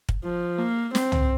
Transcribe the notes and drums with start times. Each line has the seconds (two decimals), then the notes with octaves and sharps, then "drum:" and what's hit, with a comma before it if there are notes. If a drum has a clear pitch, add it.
0.09 drum: kick
0.24 F3
0.59 A#3
0.95 C4, drum: snare
1.12 drum: tom